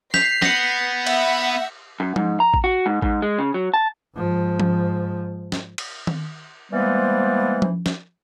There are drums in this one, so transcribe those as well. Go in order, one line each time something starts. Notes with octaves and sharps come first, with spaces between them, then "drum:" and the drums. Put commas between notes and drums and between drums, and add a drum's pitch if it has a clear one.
G6 B6 C7 F7, drum: snare
B3 A#6 C#7, drum: snare
E5 F#5, drum: cymbal
F#2
G#2, drum: tom F3
A#5
drum: kick A1
F#4
G#2
G#2, drum: kick A1
G#3
C#3
F#3
A5
G#2 F3
drum: tom F3
drum: snare
drum: cymbal
drum: tom D#3
E3 G3 G#3 A#3 B3 C5
drum: tom F3
drum: snare